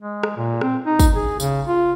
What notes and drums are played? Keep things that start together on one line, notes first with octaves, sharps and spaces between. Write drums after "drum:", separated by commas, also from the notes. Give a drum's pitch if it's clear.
G#3
drum: rim click
A#2
C4, drum: rim click
D#4
drum: kick, tambourine
G#4
C#3, drum: tambourine
F4